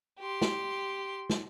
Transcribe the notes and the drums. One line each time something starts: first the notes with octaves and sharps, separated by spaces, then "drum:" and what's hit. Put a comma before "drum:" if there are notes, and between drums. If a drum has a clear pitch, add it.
G4 C6
drum: snare
drum: snare